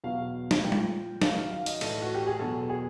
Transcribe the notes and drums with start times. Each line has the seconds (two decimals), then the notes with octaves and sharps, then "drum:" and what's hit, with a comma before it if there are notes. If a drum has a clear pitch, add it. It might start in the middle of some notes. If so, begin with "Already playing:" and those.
0.04 E2 B2 F#3 F5
0.51 drum: snare
0.62 A#2 F3 G5
0.72 drum: tom G3
1.22 F#2 D#3 F#3 F5, drum: snare
1.37 F5
1.51 F5
1.66 D#5, drum: hi-hat
1.81 A2 E3 A4, drum: cymbal
2.02 F#4
2.14 G4
2.27 G#4
2.39 E2 B2 F#3 A4
2.70 G#4